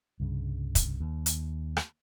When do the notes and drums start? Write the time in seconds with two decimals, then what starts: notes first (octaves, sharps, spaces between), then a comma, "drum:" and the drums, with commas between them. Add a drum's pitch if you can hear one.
0.20 C2 G2 C#3
0.75 drum: kick, hi-hat
1.01 D#2
1.26 drum: hi-hat
1.77 drum: rim click